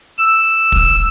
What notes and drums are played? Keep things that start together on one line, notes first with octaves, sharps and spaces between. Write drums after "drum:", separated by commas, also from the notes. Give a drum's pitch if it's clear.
E6
drum: kick